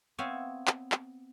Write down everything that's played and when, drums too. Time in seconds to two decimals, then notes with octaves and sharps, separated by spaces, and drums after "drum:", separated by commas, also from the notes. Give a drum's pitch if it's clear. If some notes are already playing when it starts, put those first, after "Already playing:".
0.18 B3 C4 C#5 E5 F5 G#5
0.67 drum: clap
0.92 drum: clap